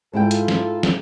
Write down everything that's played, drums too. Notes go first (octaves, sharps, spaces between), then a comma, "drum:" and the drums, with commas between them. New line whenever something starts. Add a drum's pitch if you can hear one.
G#2 E4 F4 A4 G5
drum: hi-hat
drum: snare
drum: snare